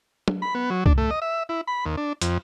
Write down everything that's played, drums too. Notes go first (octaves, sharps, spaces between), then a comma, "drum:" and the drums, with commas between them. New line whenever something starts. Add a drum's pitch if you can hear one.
drum: tom
B5
B3
F#3
D4, drum: kick C2
A3
D#5
E5
E4
B5
D#2
D4
F2, drum: hi-hat